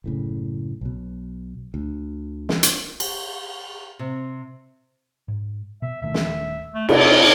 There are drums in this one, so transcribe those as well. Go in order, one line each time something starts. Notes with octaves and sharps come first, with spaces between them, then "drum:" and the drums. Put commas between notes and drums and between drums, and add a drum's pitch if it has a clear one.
F#1 A2 C#3
B1 B2
D2
drum: snare
drum: hi-hat
drum: cymbal
C3
G#2
B2 E5
D#1 D#3 A3 E5
drum: snare
A3
E1 C3 C4, drum: cymbal